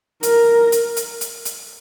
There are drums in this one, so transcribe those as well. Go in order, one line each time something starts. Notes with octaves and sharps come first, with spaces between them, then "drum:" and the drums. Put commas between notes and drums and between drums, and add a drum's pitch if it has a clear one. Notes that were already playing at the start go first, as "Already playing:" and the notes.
A#4, drum: hi-hat
drum: hi-hat
drum: hi-hat
drum: hi-hat
drum: hi-hat